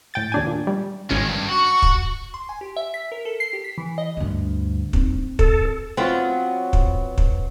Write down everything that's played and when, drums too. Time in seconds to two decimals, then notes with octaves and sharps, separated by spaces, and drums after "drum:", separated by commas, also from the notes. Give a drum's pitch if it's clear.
0.14 A2 G5 A6
0.32 D#2 D4 G#5
0.47 A#2
0.67 G3
1.10 G#1 D#3 G#3 C#4 G#6
1.29 G2
1.49 F#4 C#6
1.82 drum: kick
2.34 C6
2.49 G#5
2.61 G4
2.77 E5
2.94 B6
3.12 A#4
3.25 A4
3.40 C7
3.53 G4
3.64 B6
3.78 E3
3.98 D#5
4.17 D2 G2
4.93 C4 D#4, drum: kick
5.39 A4, drum: kick
5.97 F#3 B3 C4 F4
6.73 drum: kick
7.18 drum: kick